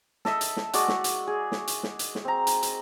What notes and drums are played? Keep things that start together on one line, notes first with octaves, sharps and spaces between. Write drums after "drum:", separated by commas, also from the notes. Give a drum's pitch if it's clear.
A4 D#5 E5, drum: snare
drum: hi-hat
drum: snare
G#3 F#4 D5 C#6, drum: hi-hat
drum: snare
drum: hi-hat
G#4
drum: snare
drum: hi-hat
drum: snare
drum: hi-hat
drum: snare
C4 A#5
drum: hi-hat
drum: hi-hat